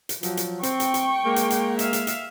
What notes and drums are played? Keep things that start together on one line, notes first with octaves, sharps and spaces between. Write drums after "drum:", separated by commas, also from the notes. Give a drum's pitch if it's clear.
drum: hi-hat
F3 F#3, drum: hi-hat
drum: hi-hat
C4 G5 C#6, drum: hi-hat
drum: hi-hat
drum: hi-hat
G#3 A#3
drum: hi-hat
drum: hi-hat
E5 F5, drum: hi-hat
drum: hi-hat
drum: hi-hat